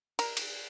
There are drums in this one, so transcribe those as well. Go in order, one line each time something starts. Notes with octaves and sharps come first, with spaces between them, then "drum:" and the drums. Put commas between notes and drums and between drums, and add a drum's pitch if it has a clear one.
A#4, drum: cymbal
drum: cymbal